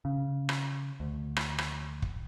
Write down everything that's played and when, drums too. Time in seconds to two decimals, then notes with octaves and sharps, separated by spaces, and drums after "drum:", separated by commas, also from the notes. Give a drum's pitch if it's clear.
0.05 C#3
0.49 drum: rim click
1.00 D2
1.36 drum: rim click
1.58 drum: rim click
2.02 drum: kick